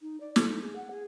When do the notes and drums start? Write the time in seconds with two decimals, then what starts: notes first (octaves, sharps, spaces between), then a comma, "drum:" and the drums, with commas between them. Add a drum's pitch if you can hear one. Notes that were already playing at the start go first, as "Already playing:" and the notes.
0.02 D#4
0.20 D5
0.36 A4, drum: snare
0.48 D#4
0.62 G#4
0.76 F#5
0.91 G#4